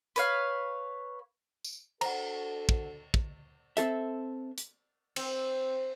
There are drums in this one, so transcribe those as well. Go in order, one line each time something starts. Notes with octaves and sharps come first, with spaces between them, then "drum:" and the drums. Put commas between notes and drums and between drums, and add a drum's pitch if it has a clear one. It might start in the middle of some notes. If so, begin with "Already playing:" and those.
B4 C#5 F5, drum: hi-hat
drum: tambourine
D4 F#4 A4 C5 F#5 A#5, drum: cymbal
drum: kick
drum: kick
C4 A4 E5, drum: hi-hat
drum: hi-hat
C4, drum: cymbal